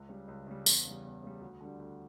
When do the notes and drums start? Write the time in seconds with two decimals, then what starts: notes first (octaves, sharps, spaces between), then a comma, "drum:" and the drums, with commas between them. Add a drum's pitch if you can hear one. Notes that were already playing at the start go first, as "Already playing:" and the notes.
Already playing: C#2
0.09 C#3 G3
0.28 C#2
0.47 C#3 G3
0.66 E2, drum: tambourine
0.85 C#3 G3
1.04 E2
1.23 C#3 G3
1.41 D2
1.61 D3 G3
1.79 D2